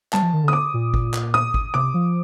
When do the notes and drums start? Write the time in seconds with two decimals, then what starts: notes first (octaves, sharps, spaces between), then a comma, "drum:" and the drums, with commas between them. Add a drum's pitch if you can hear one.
0.13 G3 A5, drum: clap
0.22 F3
0.33 D#3
0.43 D3
0.48 D#6
0.53 D6
0.74 A#2
0.94 drum: kick G#1
1.14 drum: clap
1.34 D#6
1.54 drum: kick G#1
1.74 C3 D6
1.94 F3